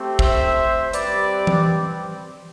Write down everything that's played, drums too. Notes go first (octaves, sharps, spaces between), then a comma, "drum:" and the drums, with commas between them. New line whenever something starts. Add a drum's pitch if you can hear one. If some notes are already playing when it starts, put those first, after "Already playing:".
Already playing: A3 C4 G4
C5 E5, drum: kick
G3 C4 G4 B4 D5, drum: hi-hat
drum: tom E3